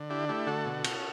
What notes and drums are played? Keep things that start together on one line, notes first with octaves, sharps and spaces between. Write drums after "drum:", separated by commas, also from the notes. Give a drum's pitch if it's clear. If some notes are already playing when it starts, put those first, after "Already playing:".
Already playing: D3
D4 E4 G4
A3 E4 G4
D3 F#4 A4
B2
C#4, drum: cymbal